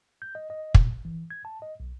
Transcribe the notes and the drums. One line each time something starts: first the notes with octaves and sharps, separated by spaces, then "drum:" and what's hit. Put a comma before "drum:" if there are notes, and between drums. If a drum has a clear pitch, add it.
G6
D#5
D#5
A#2, drum: kick
A1
E3
G#6
A5
D#5
B1